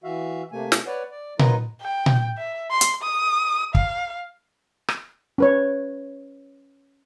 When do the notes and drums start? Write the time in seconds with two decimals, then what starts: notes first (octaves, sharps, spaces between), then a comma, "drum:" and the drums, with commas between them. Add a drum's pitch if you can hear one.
0.04 E3 F#4 E5 F5
0.52 C3 A3 A#3 G#5
0.72 drum: snare
0.86 B4 C#5 D5 F#5
1.11 D5
1.39 F#3 D#4 F4 A#4 B4 D#5, drum: tom A#2
1.82 G5
2.06 drum: tom A#2
2.38 E5
2.71 C6
2.81 drum: hi-hat
3.03 D#6
3.75 F5, drum: kick
4.88 drum: rim click
5.38 C#4 B4 C#5